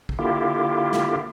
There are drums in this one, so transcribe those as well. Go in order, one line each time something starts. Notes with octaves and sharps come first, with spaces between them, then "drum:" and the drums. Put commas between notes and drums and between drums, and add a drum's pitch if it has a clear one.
drum: kick
D3 A#3 E4 F4 G4
drum: snare